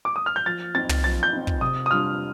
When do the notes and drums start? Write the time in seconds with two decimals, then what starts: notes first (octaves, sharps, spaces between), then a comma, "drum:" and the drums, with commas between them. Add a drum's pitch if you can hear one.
0.05 D6
0.16 D#6
0.26 F6
0.36 G6
0.46 F3 A6
0.75 C4 D#4 A6
0.89 drum: tom
1.04 F3 A6
1.23 G6
1.33 C4 D#4
1.47 drum: kick
1.61 C3 D#6
1.86 D#6
1.90 G3 D4 F4 F6